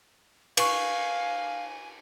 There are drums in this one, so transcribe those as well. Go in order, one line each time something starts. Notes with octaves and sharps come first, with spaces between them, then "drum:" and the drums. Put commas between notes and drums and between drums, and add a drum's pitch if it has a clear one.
B4 F5 G#5 C#6, drum: cymbal